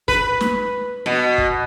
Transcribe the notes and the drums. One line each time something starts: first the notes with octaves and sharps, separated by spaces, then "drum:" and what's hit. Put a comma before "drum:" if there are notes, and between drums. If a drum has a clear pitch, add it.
B4, drum: kick
drum: snare
B2
drum: kick